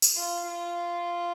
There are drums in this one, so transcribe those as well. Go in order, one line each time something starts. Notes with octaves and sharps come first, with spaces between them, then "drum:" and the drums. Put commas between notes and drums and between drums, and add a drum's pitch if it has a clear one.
drum: tambourine
F4
F4